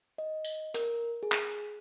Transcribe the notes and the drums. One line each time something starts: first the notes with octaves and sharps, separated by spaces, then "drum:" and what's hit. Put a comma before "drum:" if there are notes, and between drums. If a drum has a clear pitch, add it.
D#5
drum: tambourine
A#4, drum: hi-hat
G#4
drum: clap